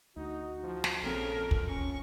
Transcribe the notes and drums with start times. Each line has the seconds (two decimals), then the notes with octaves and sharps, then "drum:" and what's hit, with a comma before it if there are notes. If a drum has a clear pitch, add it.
0.16 D2 D#4 F#4
0.63 F3
0.84 drum: snare
1.03 A#1 C#3 C4 A4 A#4
1.36 F2
1.51 drum: kick
1.69 C#4 C#6